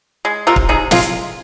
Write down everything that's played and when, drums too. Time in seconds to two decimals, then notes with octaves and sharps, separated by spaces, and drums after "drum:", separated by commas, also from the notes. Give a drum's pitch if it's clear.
0.25 G#3
0.47 C3 F4 A#4
0.56 drum: kick
0.69 C3 D#4 G#4
0.91 G#3 C4 F4, drum: snare